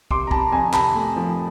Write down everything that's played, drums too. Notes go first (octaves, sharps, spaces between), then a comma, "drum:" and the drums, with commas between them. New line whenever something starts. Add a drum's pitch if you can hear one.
C3 C6 D6, drum: kick
A#5
C3 A5 B5, drum: kick
F2 G#5 A#5
C3 A5 B5, drum: clap
A3
F3